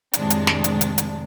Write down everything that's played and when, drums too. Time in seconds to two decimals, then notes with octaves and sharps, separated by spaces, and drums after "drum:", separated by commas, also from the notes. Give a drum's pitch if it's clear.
0.13 F2 A2 C3 D#3 G#3 D4, drum: hi-hat
0.30 drum: hi-hat
0.47 drum: snare
0.64 drum: hi-hat
0.81 drum: hi-hat
0.98 drum: hi-hat